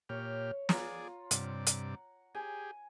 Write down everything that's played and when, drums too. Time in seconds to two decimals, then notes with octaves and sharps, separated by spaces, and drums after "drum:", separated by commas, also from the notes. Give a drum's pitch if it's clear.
0.09 A#2 G4 C#5 F6
0.69 F4 G#4 D5 A#5, drum: snare
1.31 G2 C3 D5 F#5, drum: hi-hat
1.67 drum: hi-hat
2.35 G4 G#4 G#5